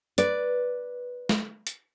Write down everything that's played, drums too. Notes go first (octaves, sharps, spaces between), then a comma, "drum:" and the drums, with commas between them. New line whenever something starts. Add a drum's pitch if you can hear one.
B4 D5, drum: hi-hat
drum: snare
drum: hi-hat